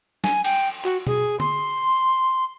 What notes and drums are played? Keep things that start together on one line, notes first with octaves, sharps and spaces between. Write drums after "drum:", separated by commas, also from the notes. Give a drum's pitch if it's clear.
G#5, drum: snare
G5, drum: cymbal
F#4, drum: clap
G#4, drum: tom B2
C6, drum: tom D3